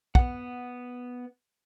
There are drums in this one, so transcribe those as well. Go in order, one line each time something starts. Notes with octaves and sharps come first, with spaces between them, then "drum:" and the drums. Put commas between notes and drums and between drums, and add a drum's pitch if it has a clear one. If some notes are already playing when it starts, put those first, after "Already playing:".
B3 F#5, drum: kick